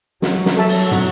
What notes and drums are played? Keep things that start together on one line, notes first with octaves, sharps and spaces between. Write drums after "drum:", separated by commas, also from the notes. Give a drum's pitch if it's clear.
F#3 F#4, drum: snare
drum: snare
A4 E5 A5
drum: open hi-hat
F#4, drum: tom